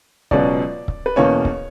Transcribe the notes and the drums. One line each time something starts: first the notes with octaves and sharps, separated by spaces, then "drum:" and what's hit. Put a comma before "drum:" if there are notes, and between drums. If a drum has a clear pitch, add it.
C#2 B2 F#3 C#4 D5, drum: kick C#1
drum: kick C#1
B4
E2 B2 A#3 C#4 C#5
drum: kick C#1